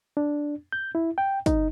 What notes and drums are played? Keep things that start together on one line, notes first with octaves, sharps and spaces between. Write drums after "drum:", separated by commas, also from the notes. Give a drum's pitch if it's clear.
D4
G6
E4
G5
D#4, drum: kick, hi-hat